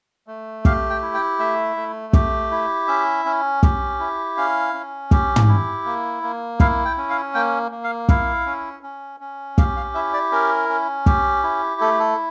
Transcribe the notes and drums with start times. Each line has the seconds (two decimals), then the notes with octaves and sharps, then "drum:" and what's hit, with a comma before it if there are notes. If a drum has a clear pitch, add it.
0.27 A3
0.65 G4 F5, drum: kick
0.90 G5
1.02 E4
1.14 G5
1.39 A3 E5
1.76 A3
2.13 G4, drum: kick
2.51 E4
2.87 C#4 E5
3.25 C#4
3.63 G4, drum: kick
4.00 E4
4.37 C#4 F5
4.74 C#4
5.11 G4, drum: kick
5.36 drum: tom
5.49 E4
5.86 A#3
6.23 A#3
6.60 E4 F5, drum: kick
6.85 G5
6.97 C#4
7.10 F5
7.34 A#3 G5
7.71 A#3
7.84 F5
8.09 E4 F5, drum: kick
8.46 C#4
8.83 C#4
9.20 C#4
9.58 G4 F5, drum: kick
9.76 F5
9.95 E4 E5
10.13 D5
10.32 C#4 A#4
10.69 C#4
11.06 G4, drum: kick
11.44 E4
11.81 A3 A4
12.00 A4